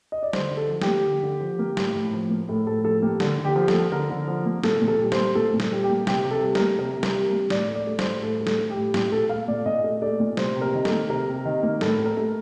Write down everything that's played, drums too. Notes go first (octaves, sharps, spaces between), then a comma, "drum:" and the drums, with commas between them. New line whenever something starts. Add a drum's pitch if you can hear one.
D#5
D5
D3 C5, drum: snare
D3
A4
F3
G4, drum: snare
A#3
D3
D3
F3
A#3
A2, drum: snare
A2
F3
A#3
A2 A4
A2 A4
F3 A4
A#3 G4
D3 A4, drum: snare
D3
G4
F3
A4, drum: snare
A#3
D3 A#4
D3
F3
A#3
A#2 A4, drum: snare
A#2
A4
G3
C5, drum: snare
A#3
A#2 A4
A#2
A4, drum: snare
G3
G4
A#3
C3 G4, drum: snare
C3
A4
G3
A#4, drum: snare
A#3
C3 A#4
C3
A#4, drum: snare
G3
A#3
A2 D5, drum: snare
A3
D5
A3
C5, drum: snare
A2
A2 A4
A3
A4, drum: snare
A3
G4
A2
A#2 G4, drum: snare
A3 A4
A3 F5
A#2 D5
A#2 D#5
A3
A3 D5
A#2
C3 C5, drum: snare
C3
A#4
D#3
A4, drum: snare
A#3
C3 A#4
C3
D#3
A#3
A2 A4, drum: snare
A3
A#4
A3